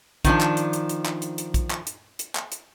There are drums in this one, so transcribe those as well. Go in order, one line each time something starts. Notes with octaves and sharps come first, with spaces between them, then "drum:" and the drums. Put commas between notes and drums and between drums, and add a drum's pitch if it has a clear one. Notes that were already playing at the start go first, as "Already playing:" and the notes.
D#3 F3 D4, drum: kick A#1, hi-hat
drum: clap
drum: hi-hat
drum: hi-hat
drum: hi-hat
drum: clap
drum: hi-hat
drum: hi-hat
drum: kick A#1, hi-hat
drum: clap
drum: hi-hat
drum: hi-hat
drum: clap
drum: hi-hat